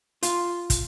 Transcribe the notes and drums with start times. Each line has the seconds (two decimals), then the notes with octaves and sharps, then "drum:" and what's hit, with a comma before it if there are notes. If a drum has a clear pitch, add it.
0.23 F4, drum: hi-hat
0.70 drum: kick, hi-hat